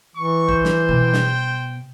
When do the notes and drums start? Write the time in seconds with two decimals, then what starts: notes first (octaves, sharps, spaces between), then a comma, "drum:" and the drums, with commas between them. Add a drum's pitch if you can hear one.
0.16 E3 C#6
0.49 C5, drum: kick A#1
0.65 drum: snare
0.89 B2 G5
1.14 drum: snare